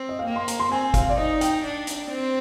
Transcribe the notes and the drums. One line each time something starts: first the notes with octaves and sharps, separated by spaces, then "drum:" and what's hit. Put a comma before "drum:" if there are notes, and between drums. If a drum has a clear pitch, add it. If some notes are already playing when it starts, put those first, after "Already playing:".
Already playing: C4
D#5
F5
A#3 G5
C6
A#5, drum: hi-hat
C6
C4 G#5
F5, drum: kick, hi-hat
D5
D#4 D#5
G5, drum: hi-hat
D4
drum: hi-hat
C4